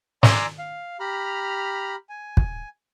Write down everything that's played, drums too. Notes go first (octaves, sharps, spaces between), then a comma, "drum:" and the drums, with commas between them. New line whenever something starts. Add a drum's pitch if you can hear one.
D5 G#5 A#5 C6 D6 E6, drum: snare
F5
G4 A#5 B5 F6
G#5
drum: kick